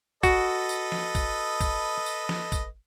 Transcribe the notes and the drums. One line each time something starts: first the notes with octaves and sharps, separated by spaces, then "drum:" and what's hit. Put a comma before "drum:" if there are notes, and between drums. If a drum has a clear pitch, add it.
F#4 A4 B4 D#5, drum: kick, tambourine
drum: tambourine
drum: snare
drum: kick, tambourine
drum: kick, tambourine
drum: tambourine
drum: snare
drum: kick, tambourine